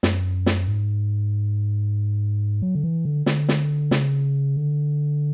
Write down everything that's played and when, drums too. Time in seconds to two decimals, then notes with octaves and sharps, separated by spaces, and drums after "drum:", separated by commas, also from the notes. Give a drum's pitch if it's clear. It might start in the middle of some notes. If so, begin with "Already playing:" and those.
0.03 F#2, drum: snare
0.46 drum: snare
0.68 G#2
2.62 F#3
2.75 D3
2.84 E3
3.05 D3
3.26 D3, drum: snare
3.49 drum: snare
3.91 C#3, drum: snare
4.56 D3